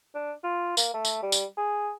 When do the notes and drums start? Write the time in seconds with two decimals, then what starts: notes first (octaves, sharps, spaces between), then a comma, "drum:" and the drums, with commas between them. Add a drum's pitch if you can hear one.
0.14 D4
0.43 F4
0.77 A#3, drum: tambourine
0.94 A3
1.05 drum: tambourine
1.22 G3
1.32 drum: tambourine
1.57 G#4